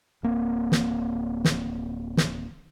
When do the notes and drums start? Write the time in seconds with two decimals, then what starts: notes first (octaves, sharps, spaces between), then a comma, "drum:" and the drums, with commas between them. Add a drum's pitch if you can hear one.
0.23 D1 A#3 C4
0.72 drum: snare
1.45 drum: snare
2.17 drum: snare